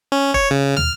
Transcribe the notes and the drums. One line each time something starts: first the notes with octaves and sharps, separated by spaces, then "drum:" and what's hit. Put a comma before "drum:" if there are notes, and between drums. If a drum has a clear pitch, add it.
C#4
C#5, drum: kick
C#3
F6, drum: tom